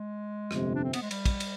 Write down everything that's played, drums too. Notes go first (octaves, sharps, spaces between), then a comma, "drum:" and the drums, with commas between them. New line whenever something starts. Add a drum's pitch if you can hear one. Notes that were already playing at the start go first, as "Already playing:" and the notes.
Already playing: G#3
G1 F2 C3, drum: rim click
D4
C4
B3, drum: cymbal
G#3
G3, drum: cymbal
drum: kick, cymbal
drum: cymbal